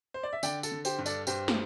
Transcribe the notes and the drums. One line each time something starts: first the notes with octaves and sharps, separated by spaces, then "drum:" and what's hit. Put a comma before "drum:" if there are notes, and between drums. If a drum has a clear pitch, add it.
C5
D5
E5
D3 D5 G5, drum: tambourine
A4, drum: tambourine
D3
G4 C5, drum: tambourine
G2
A4 D5, drum: tambourine
G2 G4 C5, drum: tambourine
drum: snare